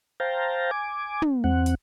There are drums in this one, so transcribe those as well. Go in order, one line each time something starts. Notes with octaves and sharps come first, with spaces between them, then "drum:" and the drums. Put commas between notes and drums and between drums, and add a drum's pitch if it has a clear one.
C5 F5 G5 A5 A#5
G#5 D6
drum: tom
E2 C4 F#5
drum: hi-hat